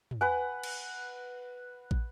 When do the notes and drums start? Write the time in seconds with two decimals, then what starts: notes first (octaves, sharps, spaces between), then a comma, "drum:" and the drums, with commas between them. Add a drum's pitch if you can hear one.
0.11 drum: tom
0.21 B4 F#5 G#5
0.63 drum: cymbal
1.91 drum: kick